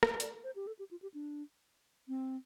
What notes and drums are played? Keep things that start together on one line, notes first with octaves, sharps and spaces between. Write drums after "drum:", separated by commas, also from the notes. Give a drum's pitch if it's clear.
drum: rim click
D5, drum: hi-hat
C5
G4
A4
G4
F4
G4
D4
C4